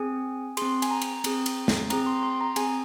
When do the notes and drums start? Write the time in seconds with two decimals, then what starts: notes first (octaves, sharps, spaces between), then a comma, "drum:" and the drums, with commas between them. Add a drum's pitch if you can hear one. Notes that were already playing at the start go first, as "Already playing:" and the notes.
Already playing: C4 G#4 G#5
0.57 C4 G#4 C6, drum: cymbal
0.82 G#5, drum: cymbal
0.91 A#5
1.02 drum: cymbal
1.24 C4 G#4, drum: cymbal
1.46 drum: cymbal
1.68 drum: snare
1.90 C4 G#4 A#5, drum: cymbal
2.06 C6
2.23 C6
2.41 A#5
2.56 C4 G#4 G#5, drum: cymbal